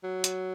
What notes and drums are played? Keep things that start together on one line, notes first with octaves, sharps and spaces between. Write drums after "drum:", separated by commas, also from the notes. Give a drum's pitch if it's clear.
F#3
drum: hi-hat